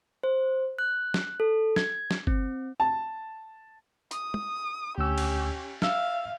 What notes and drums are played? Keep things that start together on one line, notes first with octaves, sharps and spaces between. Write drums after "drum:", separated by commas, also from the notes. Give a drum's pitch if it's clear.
C5
F#6
drum: snare
A4
G#6, drum: snare
drum: snare
C4, drum: kick
A5
D#6, drum: hi-hat
drum: tom
D2 C#4 G4 E6
drum: cymbal
E5 F5 E6 F6, drum: snare